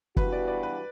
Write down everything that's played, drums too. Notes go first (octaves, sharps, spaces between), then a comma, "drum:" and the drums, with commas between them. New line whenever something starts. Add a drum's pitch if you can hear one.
G2 E3 B3 F#4 B4, drum: kick
D5
D5
B4